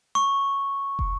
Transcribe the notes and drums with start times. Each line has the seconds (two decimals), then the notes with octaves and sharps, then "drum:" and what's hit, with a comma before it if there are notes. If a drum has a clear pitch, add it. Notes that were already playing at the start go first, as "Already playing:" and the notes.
0.15 C#6
0.99 drum: kick